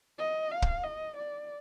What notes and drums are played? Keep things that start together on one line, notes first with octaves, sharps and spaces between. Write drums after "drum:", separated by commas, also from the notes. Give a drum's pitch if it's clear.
D#5
F5
drum: kick
D#5
D5